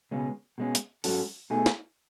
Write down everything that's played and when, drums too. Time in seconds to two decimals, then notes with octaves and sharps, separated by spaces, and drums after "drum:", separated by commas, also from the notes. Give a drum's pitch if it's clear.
0.11 C#2 B2 G#3 C#4
0.58 B2 G#3 C#4
0.75 drum: hi-hat
1.04 G#2 F#3 C#4 F#4 A4, drum: open hi-hat
1.50 B2 A3 D#4 G#4
1.66 drum: snare